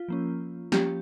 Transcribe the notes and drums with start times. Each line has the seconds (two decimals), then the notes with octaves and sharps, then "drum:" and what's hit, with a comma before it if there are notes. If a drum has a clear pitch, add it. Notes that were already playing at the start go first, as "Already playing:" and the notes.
Already playing: F4
0.08 F3 A#3 C#4
0.72 F3 A#3 C#4 G4, drum: snare